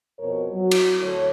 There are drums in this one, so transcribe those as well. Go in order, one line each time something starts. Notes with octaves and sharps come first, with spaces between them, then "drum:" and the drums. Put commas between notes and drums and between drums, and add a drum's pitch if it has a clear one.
F2 B2 A#4 C5 C#5
F#3
drum: cymbal
D2 A4 C#5